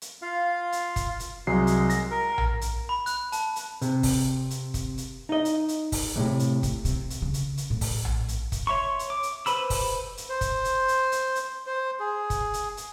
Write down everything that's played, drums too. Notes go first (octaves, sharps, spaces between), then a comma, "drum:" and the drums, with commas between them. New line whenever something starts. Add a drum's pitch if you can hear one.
drum: hi-hat
F4 F5
drum: hi-hat
drum: kick, hi-hat
drum: hi-hat
C2 F#3 G#3 C7
drum: hi-hat
A#6, drum: hi-hat
A#4
drum: tom A#1
drum: hi-hat
B5
F#6, drum: hi-hat
A5, drum: hi-hat
drum: hi-hat
C3, drum: hi-hat
drum: kick, open hi-hat
drum: hi-hat
drum: kick, hi-hat
drum: hi-hat
D#4 D#5
drum: hi-hat
drum: hi-hat
drum: kick, open hi-hat
E2 A2 C3
drum: hi-hat
drum: kick, hi-hat
C3, drum: hi-hat
drum: hi-hat
C#3
drum: hi-hat
drum: hi-hat
A2
drum: kick, open hi-hat
drum: tom A#1
drum: hi-hat
drum: kick, hi-hat
C#5 E5 C6 C#6
drum: hi-hat
D6
drum: hi-hat
B4 C5 B5 E6, drum: hi-hat
drum: kick, open hi-hat
drum: hi-hat
C5
drum: kick, hi-hat
drum: hi-hat
drum: hi-hat
drum: hi-hat
drum: hi-hat
C5
G#4
drum: kick, hi-hat
drum: hi-hat
drum: hi-hat